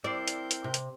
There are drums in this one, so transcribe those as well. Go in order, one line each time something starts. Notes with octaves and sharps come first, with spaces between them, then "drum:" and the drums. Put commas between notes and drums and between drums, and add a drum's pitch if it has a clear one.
C4 E4 A#4 C5 D5 G6
drum: hi-hat
drum: hi-hat
C3
drum: hi-hat